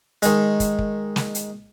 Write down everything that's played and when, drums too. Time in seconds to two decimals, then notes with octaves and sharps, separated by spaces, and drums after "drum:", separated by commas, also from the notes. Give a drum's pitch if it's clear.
0.22 D#3 G#3, drum: hi-hat
0.60 drum: kick, hi-hat
0.79 drum: kick
1.16 drum: snare
1.35 drum: hi-hat